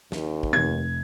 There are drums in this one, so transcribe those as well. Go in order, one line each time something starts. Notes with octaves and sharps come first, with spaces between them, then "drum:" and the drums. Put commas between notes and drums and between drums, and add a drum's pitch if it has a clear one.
D#2, drum: snare
drum: kick
F1 G#6